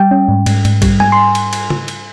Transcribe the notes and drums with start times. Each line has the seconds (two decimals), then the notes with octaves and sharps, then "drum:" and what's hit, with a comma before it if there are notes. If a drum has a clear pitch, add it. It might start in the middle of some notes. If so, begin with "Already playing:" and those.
Already playing: G3 G5
0.11 C#4
0.28 G#2
0.46 G#2, drum: cymbal
0.65 G#2, drum: cymbal
0.82 G3, drum: kick, cymbal
1.00 G#2 G#5, drum: tom G#2
1.12 C6
1.35 drum: cymbal
1.53 drum: cymbal
1.70 drum: tom
1.88 drum: cymbal